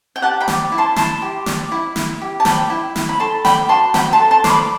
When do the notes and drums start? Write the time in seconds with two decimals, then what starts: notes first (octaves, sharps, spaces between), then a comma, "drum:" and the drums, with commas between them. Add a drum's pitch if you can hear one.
0.16 G5
0.22 G4 F#5 A5
0.41 G5 B5
0.48 D5, drum: snare
0.72 E4
0.78 A5 C6
0.96 E4 A5 C6, drum: snare
1.22 G4
1.46 D5, drum: snare
1.72 E4
1.96 E4, drum: snare
2.21 G4
2.40 A5
2.45 D5 G5 B5, drum: snare
2.70 E4
2.96 E4, drum: snare
3.09 B5
3.20 A4 A5 C6
3.45 D5 G5 B5, drum: snare
3.69 F#4 A5 C6
3.94 F#4 G5 B5, drum: snare
4.13 A5 C6
4.20 A4
4.31 A5 C6
4.44 D5 C6, drum: snare
4.50 B5 D6